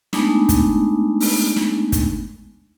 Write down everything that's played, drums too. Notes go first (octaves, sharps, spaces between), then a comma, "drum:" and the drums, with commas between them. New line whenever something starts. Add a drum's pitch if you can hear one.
G#3 A3 B3 D4 D#4, drum: snare
drum: kick, hi-hat
drum: open hi-hat
drum: snare
drum: kick, hi-hat